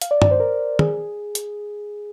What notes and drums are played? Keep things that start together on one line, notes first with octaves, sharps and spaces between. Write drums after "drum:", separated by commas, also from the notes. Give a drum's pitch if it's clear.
F5, drum: hi-hat
D5
D5, drum: tom G2
C5
A#4
G#4, drum: tom
drum: hi-hat